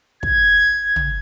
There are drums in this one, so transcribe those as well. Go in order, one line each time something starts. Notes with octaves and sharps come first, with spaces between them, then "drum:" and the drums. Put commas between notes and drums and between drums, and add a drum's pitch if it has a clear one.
G#6, drum: kick
drum: tom